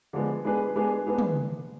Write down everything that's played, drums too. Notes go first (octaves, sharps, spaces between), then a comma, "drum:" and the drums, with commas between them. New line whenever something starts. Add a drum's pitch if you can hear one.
D3 F3 G#3 B3
G#3 B3 D4 G#4 B4
G#3 B3 D4 G#4 B4
G#3 B3 D4 G#4 B4
drum: tom